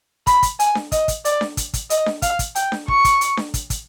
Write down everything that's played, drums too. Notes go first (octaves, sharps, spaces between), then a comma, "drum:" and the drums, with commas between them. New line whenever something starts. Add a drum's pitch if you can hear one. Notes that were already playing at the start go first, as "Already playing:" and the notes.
B5, drum: kick, hi-hat
drum: kick, hi-hat
G#5, drum: hi-hat
drum: snare D4
D#5, drum: kick, hi-hat
drum: kick, hi-hat
D5, drum: hi-hat
drum: snare D4
drum: kick, hi-hat
drum: kick, hi-hat
D#5, drum: hi-hat
drum: snare D4
F5, drum: kick, hi-hat
drum: kick, hi-hat
G5, drum: hi-hat
drum: snare D4
C#6, drum: kick
drum: kick, hi-hat
drum: hi-hat
drum: snare D4
drum: kick, hi-hat
drum: kick, hi-hat